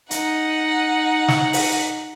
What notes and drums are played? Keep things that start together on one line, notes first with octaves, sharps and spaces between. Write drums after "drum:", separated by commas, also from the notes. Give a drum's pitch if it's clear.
D#4 F#5, drum: hi-hat
drum: snare
drum: open hi-hat